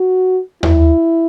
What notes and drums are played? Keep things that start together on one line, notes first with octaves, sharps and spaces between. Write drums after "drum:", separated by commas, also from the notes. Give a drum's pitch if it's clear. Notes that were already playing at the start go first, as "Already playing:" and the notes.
Already playing: F#4
E4, drum: tom D#2